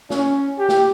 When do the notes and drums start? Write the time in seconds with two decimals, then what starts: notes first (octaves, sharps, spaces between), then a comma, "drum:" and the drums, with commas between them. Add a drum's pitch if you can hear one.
0.10 C#4, drum: snare
0.58 G4
0.69 drum: snare